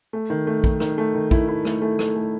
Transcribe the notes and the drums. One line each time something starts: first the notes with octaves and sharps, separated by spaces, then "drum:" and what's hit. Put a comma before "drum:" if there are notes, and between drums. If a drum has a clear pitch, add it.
A3
D#3
A3
D#3, drum: kick
D#3, drum: rim click
A3
D#3
E4, drum: kick
E4
A3, drum: rim click
A3
A3, drum: rim click
A3